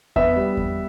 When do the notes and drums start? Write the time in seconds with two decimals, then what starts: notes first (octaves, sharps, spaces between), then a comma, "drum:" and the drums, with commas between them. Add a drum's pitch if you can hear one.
0.16 B3 E5, drum: kick E2
0.36 G3
0.57 drum: kick E2